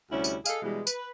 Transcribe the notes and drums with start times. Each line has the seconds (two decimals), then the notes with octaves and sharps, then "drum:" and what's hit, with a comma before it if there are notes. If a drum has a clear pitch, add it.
0.11 D2 C3 G3 C#4 E4
0.24 drum: tambourine
0.45 G#4 A4 D#5 F5, drum: tambourine
0.63 B2 E3 G3 G#3
0.87 B4, drum: tambourine